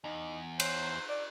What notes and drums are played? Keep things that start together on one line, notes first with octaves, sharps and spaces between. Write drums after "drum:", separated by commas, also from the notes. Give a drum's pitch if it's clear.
E2 D#4
C5 C#5, drum: cymbal
D5